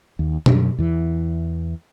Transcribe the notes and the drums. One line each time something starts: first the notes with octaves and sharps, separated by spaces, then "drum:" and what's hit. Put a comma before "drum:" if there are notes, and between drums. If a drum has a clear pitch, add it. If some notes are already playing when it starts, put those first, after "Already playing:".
D#2
F#2, drum: tom B2
E2 E3